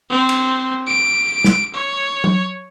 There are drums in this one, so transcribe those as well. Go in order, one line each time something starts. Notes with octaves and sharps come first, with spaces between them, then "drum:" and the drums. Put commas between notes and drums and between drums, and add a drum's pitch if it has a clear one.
C4
drum: cymbal
D7
drum: snare
C#5
drum: tom